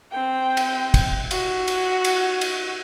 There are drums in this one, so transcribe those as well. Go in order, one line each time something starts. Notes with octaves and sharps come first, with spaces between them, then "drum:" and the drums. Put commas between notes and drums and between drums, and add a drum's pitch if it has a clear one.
C4 G5
drum: cymbal
drum: kick, cymbal
F#4, drum: cymbal
drum: cymbal
drum: cymbal
drum: cymbal